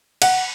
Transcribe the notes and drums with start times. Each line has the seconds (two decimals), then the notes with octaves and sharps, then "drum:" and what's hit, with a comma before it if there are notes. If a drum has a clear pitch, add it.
0.22 F#5, drum: cymbal